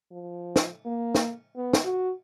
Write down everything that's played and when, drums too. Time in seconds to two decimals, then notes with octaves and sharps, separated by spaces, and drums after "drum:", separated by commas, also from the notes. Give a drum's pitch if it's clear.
0.12 F3
0.56 drum: snare
0.86 A#3
1.15 drum: snare
1.56 B3
1.73 drum: snare
1.84 F#4